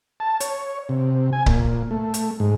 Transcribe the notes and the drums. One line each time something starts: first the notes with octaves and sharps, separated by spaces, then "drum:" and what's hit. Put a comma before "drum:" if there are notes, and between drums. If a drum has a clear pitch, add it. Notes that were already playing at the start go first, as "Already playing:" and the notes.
A5
C#5, drum: hi-hat
C3
G#5
A#2, drum: kick C#1
A3
drum: hi-hat
G#2